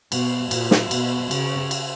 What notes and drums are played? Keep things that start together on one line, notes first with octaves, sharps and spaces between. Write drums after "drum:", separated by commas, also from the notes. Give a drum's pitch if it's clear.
B2, drum: cymbal
A#2, drum: cymbal
drum: snare
B2, drum: cymbal
C#3, drum: cymbal
drum: cymbal